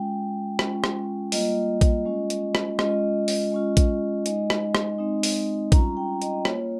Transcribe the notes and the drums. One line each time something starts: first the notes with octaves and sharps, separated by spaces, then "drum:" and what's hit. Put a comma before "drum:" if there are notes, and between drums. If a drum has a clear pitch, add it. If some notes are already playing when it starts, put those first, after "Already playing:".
Already playing: G#3 C#4 F4 G5
G#3 C#4 F4, drum: rim click
drum: rim click
G3 A#3 F4 D#5, drum: open hi-hat
drum: kick A#1, hi-hat
G#3 C#4 F4
drum: hi-hat
drum: rim click
G#3 C#4 F4 D#5, drum: rim click
drum: open hi-hat
G#3 C#4 F4
drum: kick A#1, hi-hat
G#3 D#4 D#5, drum: hi-hat
drum: rim click
drum: rim click
G#3 C4 D#4
drum: open hi-hat
G3 C#4 F4 A#5, drum: kick A#1, hi-hat
G5
D#5, drum: hi-hat
A#3 F4 C#5, drum: rim click